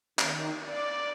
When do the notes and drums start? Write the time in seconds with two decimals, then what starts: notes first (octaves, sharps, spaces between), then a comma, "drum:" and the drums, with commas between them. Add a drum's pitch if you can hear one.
0.19 D#3, drum: clap
0.64 D5